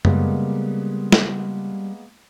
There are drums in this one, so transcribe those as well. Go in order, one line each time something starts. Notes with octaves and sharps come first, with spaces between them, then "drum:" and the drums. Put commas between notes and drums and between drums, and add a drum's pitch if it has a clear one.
C#3 G3 G#3 A#3 B3, drum: tom F#2
drum: snare